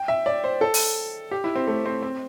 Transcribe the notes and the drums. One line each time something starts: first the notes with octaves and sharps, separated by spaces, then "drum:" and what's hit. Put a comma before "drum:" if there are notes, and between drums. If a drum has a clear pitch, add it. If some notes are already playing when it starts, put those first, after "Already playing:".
Already playing: G5
E5
D5
C5
A4
drum: open hi-hat
G4
E4
C4
A3
C4
C4